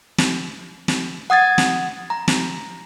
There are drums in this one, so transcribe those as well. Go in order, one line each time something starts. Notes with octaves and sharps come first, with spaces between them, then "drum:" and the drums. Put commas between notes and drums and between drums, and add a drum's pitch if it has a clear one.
drum: snare
drum: snare
F#5 D#6 G#6 A6
drum: snare
A#5
drum: snare